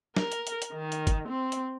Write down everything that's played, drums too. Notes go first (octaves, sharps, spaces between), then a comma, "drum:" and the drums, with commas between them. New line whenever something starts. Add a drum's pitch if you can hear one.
A#4, drum: snare
drum: hi-hat
drum: hi-hat
drum: hi-hat
D#3
drum: hi-hat
drum: kick, hi-hat
C4
drum: hi-hat